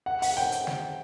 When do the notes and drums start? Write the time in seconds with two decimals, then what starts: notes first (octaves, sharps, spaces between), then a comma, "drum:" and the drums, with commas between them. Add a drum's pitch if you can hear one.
0.06 F#5
0.22 F#5, drum: open hi-hat
0.37 G5
0.52 drum: hi-hat
0.67 drum: snare